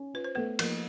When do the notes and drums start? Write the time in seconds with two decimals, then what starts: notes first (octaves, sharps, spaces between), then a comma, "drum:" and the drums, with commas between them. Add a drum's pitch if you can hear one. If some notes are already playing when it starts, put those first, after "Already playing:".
Already playing: C#4
0.14 F4 B4
0.24 C5
0.35 A3 B3 B4
0.59 F3 A#3 A#4, drum: cymbal